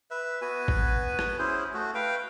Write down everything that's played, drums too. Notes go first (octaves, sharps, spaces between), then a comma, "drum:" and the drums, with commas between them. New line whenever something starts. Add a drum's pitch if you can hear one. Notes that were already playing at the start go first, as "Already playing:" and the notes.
B4 E5
B3 F#4 B4 G#5
drum: kick G#1
drum: rim click
C#4 E4 G#4 C5
A3 F#4
B4 F5 G5